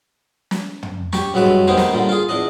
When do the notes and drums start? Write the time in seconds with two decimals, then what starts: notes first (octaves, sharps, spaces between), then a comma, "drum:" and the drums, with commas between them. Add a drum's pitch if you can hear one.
0.51 drum: snare
0.83 drum: tom
1.13 G4 C#6, drum: snare
1.34 G2 F#3 G#3 B4 E5
1.46 drum: tom
1.67 D#2 D#3 B3 D#4 C5 G#5
1.77 drum: snare
1.93 G2 A#2 D3
2.09 F4 G#4
2.29 E2 D4 D#5